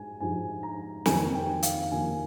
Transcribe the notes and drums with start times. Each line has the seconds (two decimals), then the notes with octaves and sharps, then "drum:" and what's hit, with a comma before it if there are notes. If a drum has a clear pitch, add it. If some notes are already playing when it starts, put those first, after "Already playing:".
Already playing: G#2 G#3 G#5
0.20 G#2 F3 G#3 G#5
0.63 A#5
1.06 F2 D#3 A#3 G#5, drum: snare
1.23 G#5
1.35 G5
1.63 F5, drum: hi-hat
1.91 F2 D#3 A#3 G#5